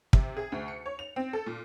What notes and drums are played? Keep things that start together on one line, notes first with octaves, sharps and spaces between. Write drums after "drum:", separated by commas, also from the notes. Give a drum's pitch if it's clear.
C3, drum: kick
G#4
D2
C#7
C#5
F7
C4
A4
A#2